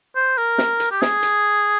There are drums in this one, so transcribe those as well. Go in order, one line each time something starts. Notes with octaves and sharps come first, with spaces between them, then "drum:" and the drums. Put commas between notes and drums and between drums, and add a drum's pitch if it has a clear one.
C5
A#4
drum: snare
drum: hi-hat
G4
G#4, drum: snare
drum: hi-hat